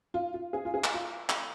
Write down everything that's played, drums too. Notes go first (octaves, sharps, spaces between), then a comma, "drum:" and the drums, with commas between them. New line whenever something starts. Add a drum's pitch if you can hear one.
F4
F4
G#4
F4
G#4
drum: clap
F4
drum: clap